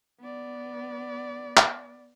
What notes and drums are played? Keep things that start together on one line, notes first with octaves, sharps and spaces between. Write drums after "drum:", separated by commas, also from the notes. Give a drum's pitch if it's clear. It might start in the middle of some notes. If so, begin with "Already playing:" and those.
B3 D5
drum: clap